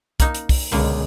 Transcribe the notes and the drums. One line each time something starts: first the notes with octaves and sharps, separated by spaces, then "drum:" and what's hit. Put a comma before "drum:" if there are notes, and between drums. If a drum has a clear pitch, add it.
A#3 D#4, drum: kick, hi-hat
drum: hi-hat
drum: kick, open hi-hat
C#2 B2 D3 A#3